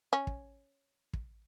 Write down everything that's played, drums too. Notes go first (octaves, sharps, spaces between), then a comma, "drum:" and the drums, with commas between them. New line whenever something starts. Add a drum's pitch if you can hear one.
C#4
drum: kick
drum: kick